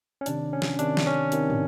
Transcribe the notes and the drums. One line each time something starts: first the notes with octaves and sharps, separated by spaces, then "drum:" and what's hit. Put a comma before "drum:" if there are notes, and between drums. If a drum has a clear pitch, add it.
C#4
C3 D#3 D4, drum: hi-hat
C#4
drum: snare
C3 D#3 D4, drum: hi-hat
drum: snare
C#4
C3 D#3, drum: hi-hat
drum: tom